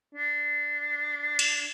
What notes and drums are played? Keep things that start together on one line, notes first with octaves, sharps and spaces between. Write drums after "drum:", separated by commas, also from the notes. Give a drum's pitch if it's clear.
D4
drum: cymbal